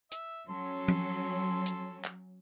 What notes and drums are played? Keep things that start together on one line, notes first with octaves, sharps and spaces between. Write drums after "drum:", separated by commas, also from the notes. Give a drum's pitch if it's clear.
E5, drum: hi-hat
F#3 C#4 A4 C6
drum: tom F3
drum: hi-hat
drum: clap